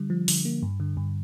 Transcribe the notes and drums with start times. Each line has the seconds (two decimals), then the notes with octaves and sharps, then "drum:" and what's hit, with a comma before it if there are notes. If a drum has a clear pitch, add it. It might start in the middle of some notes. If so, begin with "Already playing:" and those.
Already playing: D3 G3
0.10 F3
0.28 D3, drum: open hi-hat
0.45 A#3
0.63 G2
0.80 D3
0.97 G2